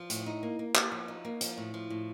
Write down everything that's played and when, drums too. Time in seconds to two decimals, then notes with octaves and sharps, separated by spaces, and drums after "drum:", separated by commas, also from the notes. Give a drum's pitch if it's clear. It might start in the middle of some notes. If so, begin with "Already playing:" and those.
Already playing: F3
0.10 A2, drum: hi-hat
0.26 D#4
0.43 A#3
0.59 A#3
0.75 A#3, drum: clap
0.92 F3
1.08 D#4
1.25 A#3
1.41 F3, drum: hi-hat
1.58 A2
1.74 F3
1.90 A2